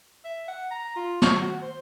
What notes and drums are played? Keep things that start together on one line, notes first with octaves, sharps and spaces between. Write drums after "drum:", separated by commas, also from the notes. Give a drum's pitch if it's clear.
E5
F#5
A#5
F4
C#6, drum: snare
F#4
C5